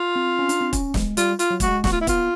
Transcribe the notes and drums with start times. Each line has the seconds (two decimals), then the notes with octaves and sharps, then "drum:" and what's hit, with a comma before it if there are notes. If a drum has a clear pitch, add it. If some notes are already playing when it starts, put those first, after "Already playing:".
Already playing: F4
0.16 C4
0.39 C#4
0.49 D4, drum: hi-hat
0.61 C4
0.73 C#4, drum: kick, hi-hat
0.94 G#3, drum: snare
1.17 G3 F4, drum: hi-hat
1.39 F4, drum: hi-hat
1.50 F#3
1.60 A3 F#4, drum: kick, hi-hat
1.68 G#3
1.84 A3 F#4, drum: snare
1.92 F4
2.01 E4
2.07 B3 F4, drum: kick, hi-hat